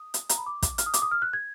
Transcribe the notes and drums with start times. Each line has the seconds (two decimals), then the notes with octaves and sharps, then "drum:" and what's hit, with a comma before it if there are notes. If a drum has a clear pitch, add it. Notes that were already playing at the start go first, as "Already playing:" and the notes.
Already playing: D#6
0.14 drum: hi-hat
0.29 A#5, drum: hi-hat
0.38 B5
0.46 D6
0.62 drum: kick, hi-hat
0.78 F6, drum: hi-hat
0.86 D#6
0.94 D6, drum: hi-hat
1.02 D#6
1.11 F6
1.22 F#6
1.33 G#6